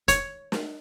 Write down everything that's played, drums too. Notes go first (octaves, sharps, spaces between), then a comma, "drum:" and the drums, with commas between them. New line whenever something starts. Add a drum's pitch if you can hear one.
C#5, drum: kick E1, hi-hat
drum: snare